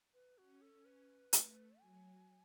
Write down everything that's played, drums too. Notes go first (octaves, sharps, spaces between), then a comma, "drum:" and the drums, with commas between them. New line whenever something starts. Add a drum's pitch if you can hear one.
B4
C#4 F#4
A4
B4
A3, drum: hi-hat
F#3 G#5